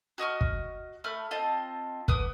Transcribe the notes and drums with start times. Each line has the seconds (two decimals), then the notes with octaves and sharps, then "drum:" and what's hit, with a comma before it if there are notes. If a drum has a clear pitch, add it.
0.18 F#4 D#5 C#6 F6
0.41 drum: kick
1.04 A3 B5 F6
1.31 C4 F4 D#5 A5
2.08 B3 B4 D6 D#6, drum: kick